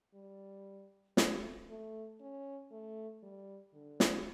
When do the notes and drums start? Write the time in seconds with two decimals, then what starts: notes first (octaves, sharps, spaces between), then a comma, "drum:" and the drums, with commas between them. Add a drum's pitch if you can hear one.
0.14 G3
1.17 A3, drum: snare
1.69 A3
2.21 C#4
2.72 A3
3.23 G3
3.74 D3
4.00 drum: snare